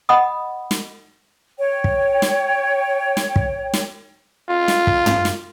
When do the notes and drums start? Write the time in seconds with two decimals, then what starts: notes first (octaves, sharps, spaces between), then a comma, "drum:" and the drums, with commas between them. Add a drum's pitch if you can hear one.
0.09 D#5 F#5 B5 D#6
0.71 drum: snare
1.59 C#5 G5
1.84 drum: kick
2.22 drum: snare
3.17 drum: snare
3.36 drum: kick
3.74 drum: snare
4.49 F4
4.68 drum: snare
4.87 drum: kick
5.06 drum: tom
5.25 drum: snare